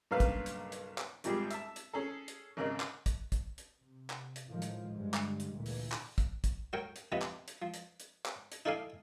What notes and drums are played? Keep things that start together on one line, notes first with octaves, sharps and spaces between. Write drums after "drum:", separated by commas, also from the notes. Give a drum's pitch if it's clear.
B1 G2 C#3 A#3 B4 F5
drum: kick, hi-hat
drum: hi-hat
drum: hi-hat
drum: clap
G#1 F3 G3 G#3 G4 G#4, drum: hi-hat
E5 A5, drum: hi-hat
drum: hi-hat
C#4 G#4 A4
drum: hi-hat
G#1 C#3 A#4 D#5
drum: clap
drum: kick, hi-hat
drum: kick, hi-hat
drum: hi-hat
C3
drum: clap
drum: hi-hat
A2 D#3 F3 G#3
drum: hi-hat
G2 D3 G3 G#3
drum: clap
drum: hi-hat
D2 A#2 E3
drum: open hi-hat
drum: clap
drum: kick, hi-hat
drum: kick, hi-hat
F#3 A#4 C#5 G5
drum: hi-hat
C3 F3 B3 B4 D#5
drum: clap
drum: hi-hat
F3
drum: hi-hat
drum: hi-hat
drum: clap
drum: hi-hat
D#4 E4 A4 D5 F5 G#5